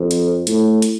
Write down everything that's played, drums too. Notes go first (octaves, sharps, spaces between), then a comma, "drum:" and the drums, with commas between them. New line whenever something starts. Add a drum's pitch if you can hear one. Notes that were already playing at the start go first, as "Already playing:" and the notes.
Already playing: F2
drum: hi-hat
A2, drum: hi-hat
drum: hi-hat